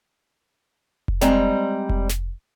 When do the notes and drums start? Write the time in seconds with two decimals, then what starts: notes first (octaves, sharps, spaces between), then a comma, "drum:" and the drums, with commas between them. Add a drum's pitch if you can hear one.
1.08 drum: kick F1
1.21 G3 G#3 C4 A#5, drum: snare
1.89 drum: kick F1
2.09 drum: snare